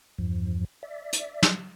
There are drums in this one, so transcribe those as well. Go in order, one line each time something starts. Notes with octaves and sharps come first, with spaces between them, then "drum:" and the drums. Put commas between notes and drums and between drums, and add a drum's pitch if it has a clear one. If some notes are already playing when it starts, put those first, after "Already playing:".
E2 G2 F3
D5 E5
drum: hi-hat
drum: snare